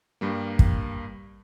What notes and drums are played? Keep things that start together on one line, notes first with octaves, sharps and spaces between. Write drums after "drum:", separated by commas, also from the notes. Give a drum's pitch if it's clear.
G2 G3 A#3
drum: kick